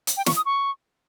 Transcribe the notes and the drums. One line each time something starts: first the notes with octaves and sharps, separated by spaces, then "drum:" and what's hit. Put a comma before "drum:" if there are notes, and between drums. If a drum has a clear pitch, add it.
drum: hi-hat
G5
C#6, drum: snare
D#6
C#6